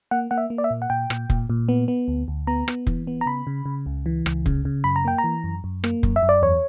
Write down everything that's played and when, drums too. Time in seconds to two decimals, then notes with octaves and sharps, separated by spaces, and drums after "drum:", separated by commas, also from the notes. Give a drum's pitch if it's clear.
0.11 A#3 F#5
0.31 A#3 F#5
0.38 E5
0.50 A#3
0.58 D5
0.64 E5
0.71 A#2
0.82 F#5
0.90 A#2 G5
1.10 A#2, drum: rim click
1.30 A#2, drum: kick F1
1.50 A#2
1.69 B3
1.88 B3
2.08 D2
2.28 D2
2.47 B3 A#5
2.68 B3, drum: rim click
2.87 E3, drum: kick F1
3.07 B3
3.21 A#5
3.26 C#3 B5
3.47 C#3
3.66 C#3
3.86 C#2
4.06 E3
4.26 C#2, drum: rim click
4.46 C#3, drum: kick F1
4.65 C#3
4.84 F#2 B5
4.96 A#5
5.05 A#3 G5
5.18 A#5
5.24 E3
5.44 F#2
5.64 F#2
5.84 A#3, drum: rim click
6.03 F#2, drum: kick F1
6.16 E5
6.23 F#2
6.29 D5
6.42 E2 C#5